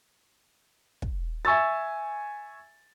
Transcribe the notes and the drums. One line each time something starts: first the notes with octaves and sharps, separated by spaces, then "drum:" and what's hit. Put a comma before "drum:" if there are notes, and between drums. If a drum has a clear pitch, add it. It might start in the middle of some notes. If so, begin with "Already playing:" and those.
drum: kick
E5 G#5 C#6 E6 A6